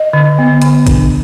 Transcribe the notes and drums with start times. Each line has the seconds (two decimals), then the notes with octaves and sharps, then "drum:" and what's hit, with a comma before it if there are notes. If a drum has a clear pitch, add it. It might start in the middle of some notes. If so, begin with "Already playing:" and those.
Already playing: D#5
0.13 D3
0.39 B3
0.62 D3, drum: hi-hat
0.87 D4, drum: kick G#1, hi-hat